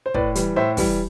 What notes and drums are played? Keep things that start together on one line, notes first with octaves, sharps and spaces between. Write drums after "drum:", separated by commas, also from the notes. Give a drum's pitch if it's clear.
C5
A2 B4 D5, drum: kick
E3 G3, drum: hi-hat
A2 C5 E5
E3 G3, drum: kick, open hi-hat